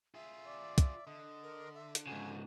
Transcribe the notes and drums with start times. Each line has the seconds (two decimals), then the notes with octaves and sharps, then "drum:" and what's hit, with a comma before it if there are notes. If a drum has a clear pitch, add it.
0.15 F4 G#4 E5
0.47 D5
0.78 drum: kick, hi-hat
1.07 D3 D#5
1.43 A#4
1.75 E5
1.95 drum: hi-hat
2.07 G#2 C#3 F#4 G#5